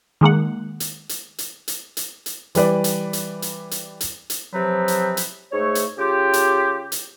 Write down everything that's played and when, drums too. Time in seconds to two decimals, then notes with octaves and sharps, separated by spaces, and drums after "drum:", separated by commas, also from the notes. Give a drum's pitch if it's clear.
0.21 D#3 G#3 A#3 F#5
0.80 drum: hi-hat
1.09 drum: hi-hat
1.38 drum: hi-hat
1.68 drum: hi-hat
1.97 drum: hi-hat
2.26 drum: hi-hat
2.55 E3 G3 B4 D5, drum: hi-hat
2.84 drum: hi-hat
3.13 drum: hi-hat
3.42 drum: hi-hat
3.71 drum: hi-hat
4.01 drum: hi-hat
4.30 drum: hi-hat
4.53 C3 F3 F#3 C4 B4
4.88 drum: hi-hat
5.17 drum: hi-hat
5.52 G#2 A3 C#5
5.75 drum: hi-hat
5.98 C#3 F4 G4
6.33 drum: hi-hat
6.92 drum: hi-hat